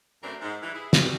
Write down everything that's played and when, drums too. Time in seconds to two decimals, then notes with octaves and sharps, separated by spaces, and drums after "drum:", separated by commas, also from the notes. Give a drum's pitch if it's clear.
0.22 F#2 E3 A3 C4 D4 A#4
0.41 G#2
0.62 E3 G3
0.75 E4 G#4
0.93 F2 B2 G3 F#4 G#4, drum: snare